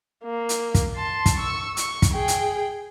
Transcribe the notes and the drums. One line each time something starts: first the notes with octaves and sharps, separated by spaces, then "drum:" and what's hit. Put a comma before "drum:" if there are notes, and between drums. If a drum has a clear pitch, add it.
A#3
drum: hi-hat
drum: kick, hi-hat
A5 C6
drum: kick, hi-hat
C#6 E6
C#6, drum: hi-hat
drum: kick, hi-hat
G#4 G5
drum: hi-hat